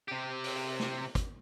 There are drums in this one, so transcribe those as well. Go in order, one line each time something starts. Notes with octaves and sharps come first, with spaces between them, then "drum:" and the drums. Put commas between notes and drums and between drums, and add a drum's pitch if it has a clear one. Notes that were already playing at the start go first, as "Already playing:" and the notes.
C3 G4
drum: open hi-hat
drum: snare
drum: kick, hi-hat